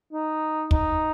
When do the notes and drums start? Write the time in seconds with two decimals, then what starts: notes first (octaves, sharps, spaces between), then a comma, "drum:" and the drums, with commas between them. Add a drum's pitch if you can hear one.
0.13 D#4
0.71 D#4, drum: kick